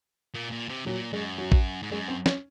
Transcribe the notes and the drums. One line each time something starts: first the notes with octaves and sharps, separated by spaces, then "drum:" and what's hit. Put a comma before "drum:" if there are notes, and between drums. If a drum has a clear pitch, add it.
A#2
A#2
C3
A#2 F#3
F#2 G#3
F#3
drum: kick
G#2
F#2 G#3
C4
C#4, drum: snare